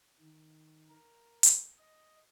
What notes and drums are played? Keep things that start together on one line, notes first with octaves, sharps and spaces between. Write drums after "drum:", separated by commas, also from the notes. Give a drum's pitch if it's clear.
D#3
A#4
drum: hi-hat
D#5